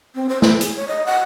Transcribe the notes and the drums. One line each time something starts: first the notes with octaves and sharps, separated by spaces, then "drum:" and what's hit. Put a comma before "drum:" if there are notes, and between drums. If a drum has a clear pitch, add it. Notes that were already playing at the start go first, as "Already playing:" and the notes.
C4
C5
E4, drum: snare
G#4, drum: hi-hat
C#5
D#5
F#5